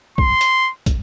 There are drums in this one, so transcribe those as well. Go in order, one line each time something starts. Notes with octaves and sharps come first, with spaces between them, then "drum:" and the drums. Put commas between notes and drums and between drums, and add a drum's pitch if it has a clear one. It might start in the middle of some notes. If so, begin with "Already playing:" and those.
C6, drum: kick
drum: hi-hat
drum: kick, hi-hat